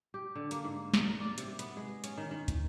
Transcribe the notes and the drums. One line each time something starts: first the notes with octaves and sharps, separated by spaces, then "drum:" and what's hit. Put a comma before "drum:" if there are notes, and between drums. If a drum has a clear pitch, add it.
G4
D3
A#3, drum: hi-hat
G#2
drum: snare
A#4
D5
C3, drum: hi-hat
B3, drum: hi-hat
G#3
C#4, drum: hi-hat
D#3
D#3
drum: kick, hi-hat